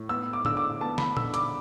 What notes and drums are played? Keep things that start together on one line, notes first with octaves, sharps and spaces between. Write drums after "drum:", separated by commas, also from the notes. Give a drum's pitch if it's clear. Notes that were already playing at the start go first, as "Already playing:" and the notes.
Already playing: A2
B3 E6
D6
D3 E6, drum: tom A2
D6
B3 A5
B5, drum: snare
D3 E6, drum: tom A#2
D6, drum: hi-hat